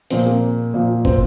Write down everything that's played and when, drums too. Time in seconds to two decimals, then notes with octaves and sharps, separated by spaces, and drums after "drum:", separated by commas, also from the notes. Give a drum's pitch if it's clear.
0.10 A#2 F3 C4, drum: hi-hat
0.26 A#3
0.74 A#2 F3
1.05 C4, drum: kick